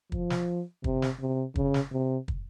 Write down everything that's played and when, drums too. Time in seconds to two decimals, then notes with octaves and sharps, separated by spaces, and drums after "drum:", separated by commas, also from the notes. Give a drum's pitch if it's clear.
0.12 F3, drum: kick
0.30 drum: snare
0.84 C3, drum: kick
1.02 drum: snare
1.20 C3
1.56 C#3, drum: kick
1.74 drum: snare
1.92 C3
2.28 drum: kick